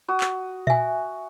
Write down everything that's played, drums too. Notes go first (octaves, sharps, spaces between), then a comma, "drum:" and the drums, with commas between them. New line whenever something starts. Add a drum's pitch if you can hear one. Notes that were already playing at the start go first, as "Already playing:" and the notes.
F#4 D#6
drum: clap
E5 G#5, drum: tom A#2